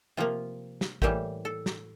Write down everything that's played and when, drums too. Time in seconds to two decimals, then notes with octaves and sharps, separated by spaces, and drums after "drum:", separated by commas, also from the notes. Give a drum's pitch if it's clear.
0.17 C3 F3 A#3 F4
0.81 drum: snare
1.02 A2 E3 G3 A#3 G4, drum: kick
1.45 A4
1.66 drum: snare